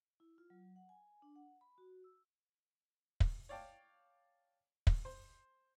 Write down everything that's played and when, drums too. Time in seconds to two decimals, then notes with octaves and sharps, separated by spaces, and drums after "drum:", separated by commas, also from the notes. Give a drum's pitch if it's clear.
0.20 E4
0.38 F4
0.50 F#3
0.76 F#5
0.89 G#5
1.22 D4
1.36 F#5
1.61 B5
1.78 F#4
2.04 E6
3.20 drum: kick
3.49 C#5 D5 F5 G5 A5
4.87 drum: kick
5.05 C5